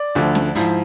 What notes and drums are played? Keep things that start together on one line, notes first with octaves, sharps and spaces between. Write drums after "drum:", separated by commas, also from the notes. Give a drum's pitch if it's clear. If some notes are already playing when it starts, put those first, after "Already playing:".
Already playing: D5
D2 D3 F3, drum: hi-hat
drum: snare
G#2 F3 E4, drum: open hi-hat